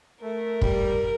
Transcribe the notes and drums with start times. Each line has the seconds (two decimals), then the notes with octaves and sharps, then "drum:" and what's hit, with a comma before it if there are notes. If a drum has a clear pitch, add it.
0.23 A3 A#4
0.62 G3, drum: kick